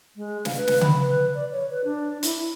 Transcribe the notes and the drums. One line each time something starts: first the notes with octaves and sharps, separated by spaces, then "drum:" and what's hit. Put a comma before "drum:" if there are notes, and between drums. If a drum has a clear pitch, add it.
G#3
F5, drum: snare
B4
drum: snare
B5, drum: tom C#3
B4
D5
C#5
B4
D4
E4, drum: hi-hat
E4